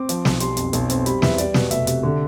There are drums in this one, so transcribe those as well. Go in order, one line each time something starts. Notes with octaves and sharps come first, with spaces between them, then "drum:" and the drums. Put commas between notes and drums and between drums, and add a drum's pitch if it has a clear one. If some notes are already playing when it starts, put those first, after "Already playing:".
Already playing: C4 D6
F3, drum: hi-hat
B1, drum: snare
G3 C6, drum: hi-hat
F2, drum: hi-hat
B1, drum: hi-hat
C4, drum: hi-hat
G3 B5, drum: hi-hat
E2 E5, drum: snare
G3 D5, drum: hi-hat
B2, drum: snare
F1 E5, drum: hi-hat
C3, drum: hi-hat
D3